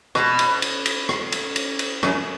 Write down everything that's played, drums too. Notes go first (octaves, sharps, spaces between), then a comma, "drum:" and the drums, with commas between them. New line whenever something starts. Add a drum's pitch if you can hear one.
B2, drum: rim click
drum: cymbal
drum: cymbal
drum: cymbal
drum: rim click
drum: cymbal
drum: cymbal
drum: cymbal
F#2, drum: rim click